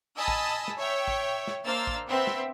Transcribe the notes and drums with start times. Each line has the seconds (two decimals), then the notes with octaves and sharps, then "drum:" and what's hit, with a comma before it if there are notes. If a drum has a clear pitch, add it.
0.16 D#5 G#5 A5 B5 D#6 E6
0.28 drum: kick A1
0.68 drum: snare
0.77 C#5 E5 G5
1.08 drum: kick A1
1.47 drum: snare
1.65 A#3 D4 C5 E6 F6 A6
1.87 drum: kick A1
2.07 B3 C4 E5
2.27 drum: snare